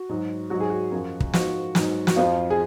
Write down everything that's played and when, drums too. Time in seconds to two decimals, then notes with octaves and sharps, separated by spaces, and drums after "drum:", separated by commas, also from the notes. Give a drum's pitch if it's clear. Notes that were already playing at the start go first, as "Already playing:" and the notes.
Already playing: F#4
0.09 G#2 F#3
0.50 G#2 F#3 F#4
0.60 G#4
0.70 F#4
0.92 F#2 F3
1.20 drum: kick
1.33 G#2 F3 F#4, drum: snare
1.75 G#2 F#3, drum: snare
2.07 F#4, drum: snare
2.16 F2 F3 F4
2.50 G#4